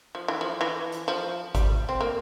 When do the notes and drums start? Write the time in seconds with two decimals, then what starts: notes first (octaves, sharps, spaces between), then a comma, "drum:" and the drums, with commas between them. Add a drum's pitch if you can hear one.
0.15 F3
0.28 E3
0.41 F3
0.61 E3
0.92 drum: hi-hat
1.08 F3
1.55 G3, drum: kick G#1, hi-hat
1.89 C4
2.01 A#3